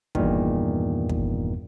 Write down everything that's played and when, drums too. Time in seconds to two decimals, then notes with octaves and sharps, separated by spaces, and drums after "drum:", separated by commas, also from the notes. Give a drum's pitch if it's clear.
0.15 E2 G2 A#2 D#3, drum: kick
1.09 drum: kick